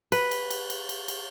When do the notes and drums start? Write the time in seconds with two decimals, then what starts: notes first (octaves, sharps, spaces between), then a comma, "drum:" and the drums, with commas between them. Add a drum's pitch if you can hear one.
0.12 B4, drum: cymbal
0.31 drum: cymbal
0.51 drum: cymbal
0.70 drum: cymbal
0.89 drum: cymbal
1.08 drum: cymbal